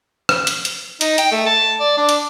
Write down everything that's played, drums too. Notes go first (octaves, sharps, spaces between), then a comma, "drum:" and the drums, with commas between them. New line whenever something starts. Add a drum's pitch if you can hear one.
drum: rim click
drum: hi-hat
drum: hi-hat
D#4, drum: hi-hat
G5, drum: hi-hat
A3
A5
D5
D4
drum: hi-hat